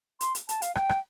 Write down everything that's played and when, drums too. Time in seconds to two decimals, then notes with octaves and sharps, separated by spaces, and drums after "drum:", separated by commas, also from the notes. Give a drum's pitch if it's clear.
0.21 C6, drum: hi-hat
0.35 drum: hi-hat
0.49 A5, drum: hi-hat
0.62 F5, drum: hi-hat
0.75 G5, drum: rim click
0.89 drum: rim click